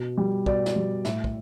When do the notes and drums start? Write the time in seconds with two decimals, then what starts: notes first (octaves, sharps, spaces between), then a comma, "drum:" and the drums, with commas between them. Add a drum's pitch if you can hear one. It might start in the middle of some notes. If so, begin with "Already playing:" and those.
Already playing: B2
0.18 G3
0.46 B2 D5, drum: kick
0.66 drum: snare
0.76 G3
1.05 A2 E5, drum: snare
1.24 drum: kick